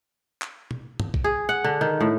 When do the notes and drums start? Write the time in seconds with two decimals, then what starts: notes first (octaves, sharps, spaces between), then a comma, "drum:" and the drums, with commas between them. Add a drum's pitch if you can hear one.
0.42 drum: clap
0.71 drum: tom
1.00 drum: tom
1.14 drum: kick
1.24 G#4
1.49 F#5
1.64 D3
1.81 D#3
2.01 A2